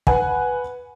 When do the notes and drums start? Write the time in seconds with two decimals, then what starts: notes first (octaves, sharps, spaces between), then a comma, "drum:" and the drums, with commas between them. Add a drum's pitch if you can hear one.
0.07 B4 F#5 G#5, drum: kick